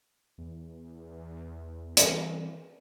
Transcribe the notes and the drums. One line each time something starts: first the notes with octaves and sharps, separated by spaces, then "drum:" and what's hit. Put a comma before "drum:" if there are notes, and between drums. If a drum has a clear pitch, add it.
E2
E3 G3 C4, drum: hi-hat